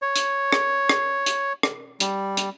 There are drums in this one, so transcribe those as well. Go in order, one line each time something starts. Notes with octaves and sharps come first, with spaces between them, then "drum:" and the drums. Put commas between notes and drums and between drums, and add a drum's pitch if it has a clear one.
C#5
drum: hi-hat
drum: rim click
drum: rim click
drum: hi-hat
drum: rim click
G3, drum: hi-hat
drum: hi-hat